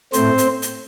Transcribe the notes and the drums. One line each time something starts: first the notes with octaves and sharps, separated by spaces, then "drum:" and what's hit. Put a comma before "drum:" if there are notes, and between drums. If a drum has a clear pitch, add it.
A2 A3 C4 C5, drum: hi-hat
drum: hi-hat
drum: hi-hat